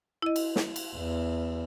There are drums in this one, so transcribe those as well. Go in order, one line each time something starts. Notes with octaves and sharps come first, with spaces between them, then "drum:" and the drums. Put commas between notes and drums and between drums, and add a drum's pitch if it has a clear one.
E4 D#5
drum: cymbal
drum: snare
drum: cymbal
E2